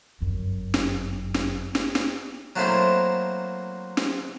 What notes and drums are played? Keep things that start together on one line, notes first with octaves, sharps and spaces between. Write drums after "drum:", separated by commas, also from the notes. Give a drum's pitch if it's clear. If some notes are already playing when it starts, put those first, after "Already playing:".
G1 F#2
drum: snare
drum: snare
drum: snare
drum: snare
F#3 A3 A#3 C4 E4 C6
drum: snare